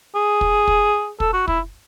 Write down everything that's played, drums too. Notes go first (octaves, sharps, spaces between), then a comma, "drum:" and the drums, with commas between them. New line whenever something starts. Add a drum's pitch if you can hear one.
G#4
drum: kick
drum: kick
A4, drum: kick
F#4
E4, drum: kick